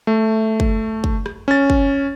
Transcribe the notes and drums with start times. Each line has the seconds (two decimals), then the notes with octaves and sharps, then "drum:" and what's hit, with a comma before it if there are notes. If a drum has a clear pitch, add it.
0.07 A3
0.60 drum: kick
1.04 drum: kick
1.26 drum: rim click
1.48 C#4 A6
1.70 drum: kick